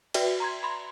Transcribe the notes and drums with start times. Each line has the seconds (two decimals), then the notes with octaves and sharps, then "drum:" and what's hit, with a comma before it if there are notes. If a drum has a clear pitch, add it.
0.14 F#4 B4 D5 E5 G5, drum: cymbal
0.40 A#5 C6 G#6
0.63 B5 C6